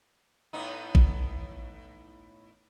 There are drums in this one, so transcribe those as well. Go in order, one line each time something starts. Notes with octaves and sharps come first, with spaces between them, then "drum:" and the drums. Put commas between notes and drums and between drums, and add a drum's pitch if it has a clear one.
A2 B3 D#4
drum: kick